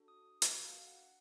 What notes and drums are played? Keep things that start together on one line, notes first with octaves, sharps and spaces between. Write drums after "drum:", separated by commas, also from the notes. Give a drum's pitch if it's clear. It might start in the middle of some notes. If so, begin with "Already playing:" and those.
Already playing: D4 F#4 A4
D#6
D4 F#4 A4 A5, drum: hi-hat
F5
F#5